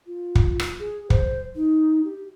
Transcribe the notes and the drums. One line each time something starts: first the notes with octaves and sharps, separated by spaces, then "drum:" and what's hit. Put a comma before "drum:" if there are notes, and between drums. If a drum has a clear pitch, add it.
F4
drum: kick
drum: rim click
G#4
C5, drum: kick
D#4
G4